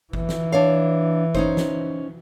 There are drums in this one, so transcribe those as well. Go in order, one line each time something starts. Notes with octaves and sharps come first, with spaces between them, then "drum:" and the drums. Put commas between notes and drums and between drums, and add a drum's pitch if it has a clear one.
E3, drum: kick G1
drum: snare
D4 C#5 F5
C#4 D#4 C5, drum: kick G1
drum: snare